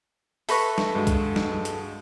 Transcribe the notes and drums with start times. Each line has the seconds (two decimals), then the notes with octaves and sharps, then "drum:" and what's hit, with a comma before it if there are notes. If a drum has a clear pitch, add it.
0.49 A4 B4 E5 B5 C#6 A#6, drum: open hi-hat
0.78 drum: snare
0.95 G2 G#3 F#4
1.07 drum: kick, hi-hat
1.36 drum: snare
1.65 drum: hi-hat